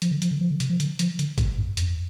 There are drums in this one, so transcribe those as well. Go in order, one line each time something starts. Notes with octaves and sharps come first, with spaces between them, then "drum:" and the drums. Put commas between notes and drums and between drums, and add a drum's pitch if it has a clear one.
F3, drum: hi-hat
D3
F3, drum: hi-hat
D3
F3
D3
C3, drum: hi-hat
F3
D3, drum: hi-hat
F3, drum: hi-hat
D3, drum: hi-hat
A#2, drum: kick G#1, hi-hat
G2
F2, drum: hi-hat